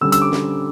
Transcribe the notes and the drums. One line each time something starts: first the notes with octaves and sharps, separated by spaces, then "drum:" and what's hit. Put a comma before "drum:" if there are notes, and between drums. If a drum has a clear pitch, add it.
D3 G3 C#4 E6
E6, drum: hi-hat
D6
drum: snare